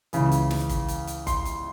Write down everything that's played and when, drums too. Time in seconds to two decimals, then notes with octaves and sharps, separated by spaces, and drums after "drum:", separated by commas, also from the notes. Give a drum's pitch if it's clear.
0.13 C#2 C#3 E3, drum: hi-hat
0.32 drum: hi-hat
0.50 drum: snare
0.69 drum: kick, hi-hat
0.88 drum: hi-hat
1.07 drum: hi-hat
1.27 C6, drum: kick, hi-hat
1.45 drum: hi-hat